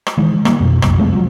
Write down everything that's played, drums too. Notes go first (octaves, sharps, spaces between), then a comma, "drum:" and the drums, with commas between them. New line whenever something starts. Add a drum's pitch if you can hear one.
drum: rim click
D#3 E3 G#3
D#3 G3 A#3, drum: rim click
F2 B2
F#1 C2 F#2, drum: rim click
F3 G#3 A3 C4
F3 F#3